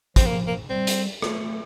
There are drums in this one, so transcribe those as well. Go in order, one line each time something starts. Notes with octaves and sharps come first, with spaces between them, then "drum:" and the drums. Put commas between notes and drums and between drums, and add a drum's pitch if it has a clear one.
F3 C4, drum: kick, hi-hat
A#3
A#3
G3 C4
drum: hi-hat
A3, drum: rim click